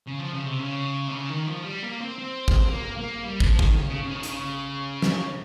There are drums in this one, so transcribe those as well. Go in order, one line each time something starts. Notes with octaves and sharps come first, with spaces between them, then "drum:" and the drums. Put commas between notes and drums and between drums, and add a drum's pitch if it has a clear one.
C#3
F3
C#3
C3
C#3
C3
C#3
D#3
F3
G3
A#3
C4
C4
drum: kick
A#3
A#3
G3
F3, drum: kick
D#3, drum: kick
C#3
C#3
C#3
D#3
C#3
D#3, drum: hi-hat
C#3
drum: snare